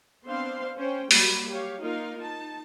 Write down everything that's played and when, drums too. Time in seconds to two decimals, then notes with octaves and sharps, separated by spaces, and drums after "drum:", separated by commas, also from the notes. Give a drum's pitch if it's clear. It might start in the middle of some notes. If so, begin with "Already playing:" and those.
0.24 B3 C4 D4 C5 F5 C6
0.77 C#4 C5 G5
1.11 F#3 G3 A#3 F#4 B5, drum: open hi-hat
1.50 G4 C#5 F5
1.80 A#3 D#4 F4 A#4 F5
2.19 D#4 A5